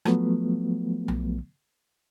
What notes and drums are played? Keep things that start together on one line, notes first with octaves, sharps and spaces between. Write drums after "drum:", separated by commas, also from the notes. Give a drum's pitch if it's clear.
F3 F#3 A3 B3, drum: rim click
drum: tom B1